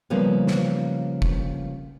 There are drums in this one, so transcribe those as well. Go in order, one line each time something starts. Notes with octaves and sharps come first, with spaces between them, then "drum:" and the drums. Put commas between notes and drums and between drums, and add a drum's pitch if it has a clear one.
C#3 F3 G3 A#3 B3
drum: snare
drum: kick F1